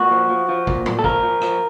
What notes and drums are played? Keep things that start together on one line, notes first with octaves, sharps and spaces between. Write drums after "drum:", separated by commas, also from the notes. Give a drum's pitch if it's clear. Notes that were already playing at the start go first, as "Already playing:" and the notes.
Already playing: A#2 F#4
F3
F3
F3
A#2, drum: kick
A#2, drum: tom A2
A4
F3 A#4, drum: kick
F3
F3, drum: rim click